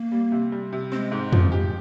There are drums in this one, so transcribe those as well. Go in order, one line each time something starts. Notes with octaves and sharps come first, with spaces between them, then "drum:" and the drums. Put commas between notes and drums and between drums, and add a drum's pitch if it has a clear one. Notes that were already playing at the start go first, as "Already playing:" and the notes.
Already playing: A#3
G3
C3
G3
C3
G#3 C4
G#2
F3, drum: tom F2
G4